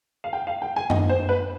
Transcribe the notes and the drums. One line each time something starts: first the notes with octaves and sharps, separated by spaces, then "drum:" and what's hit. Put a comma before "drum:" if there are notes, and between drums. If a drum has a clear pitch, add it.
F5
G5
F5
G5
G#5
D#5, drum: tom
C5
B4